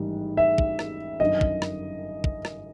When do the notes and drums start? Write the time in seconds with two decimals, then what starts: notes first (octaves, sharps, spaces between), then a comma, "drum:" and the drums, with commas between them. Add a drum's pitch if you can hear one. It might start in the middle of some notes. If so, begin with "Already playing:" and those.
Already playing: A1 G#2 D#3 G3
0.37 E5
0.58 drum: kick
0.79 drum: rim click
1.20 G1 F#2 D#3 D#5
1.41 drum: kick
1.62 drum: rim click
2.24 drum: kick
2.45 drum: rim click